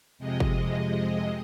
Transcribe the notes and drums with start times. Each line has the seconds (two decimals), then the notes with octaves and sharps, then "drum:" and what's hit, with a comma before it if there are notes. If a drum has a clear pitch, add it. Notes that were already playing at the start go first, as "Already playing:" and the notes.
0.19 F2 C3 G#3 D#5
0.40 drum: kick